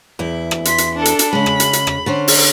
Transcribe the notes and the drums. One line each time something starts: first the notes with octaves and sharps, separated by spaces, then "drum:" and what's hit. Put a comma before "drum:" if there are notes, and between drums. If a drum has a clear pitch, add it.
E2 E4
drum: rim click
C6 B6, drum: hi-hat
drum: hi-hat
D4 A4
drum: hi-hat
drum: hi-hat
C#3 G#3 B5
drum: rim click
drum: hi-hat
drum: hi-hat
drum: rim click
D3 C#4 C5
drum: open hi-hat